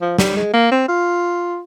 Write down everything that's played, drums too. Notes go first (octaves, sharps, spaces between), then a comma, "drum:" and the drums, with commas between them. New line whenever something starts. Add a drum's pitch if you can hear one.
F3
G3, drum: snare
G#3
A#3
C4
F4